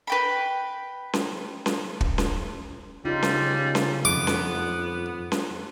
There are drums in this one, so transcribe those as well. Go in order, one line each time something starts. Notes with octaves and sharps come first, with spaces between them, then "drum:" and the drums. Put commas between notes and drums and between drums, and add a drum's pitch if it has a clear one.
B4 G5 B5
drum: snare C#4
drum: snare C#4
drum: kick
drum: snare C#4
C#3 G3 D#4 F4
drum: snare C#4
drum: snare C#4
F2 B3 D6
drum: snare C#4
drum: snare C#4